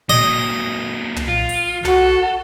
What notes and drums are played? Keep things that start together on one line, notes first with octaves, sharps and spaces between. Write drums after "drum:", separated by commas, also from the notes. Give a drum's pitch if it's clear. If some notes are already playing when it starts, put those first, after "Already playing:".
A#2 F#3 D#5
drum: tom
F4
drum: open hi-hat
F#4 A4, drum: tom